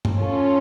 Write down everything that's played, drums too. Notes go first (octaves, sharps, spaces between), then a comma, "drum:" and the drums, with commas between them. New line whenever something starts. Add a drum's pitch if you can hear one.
drum: tom G2
C#4 F4 A4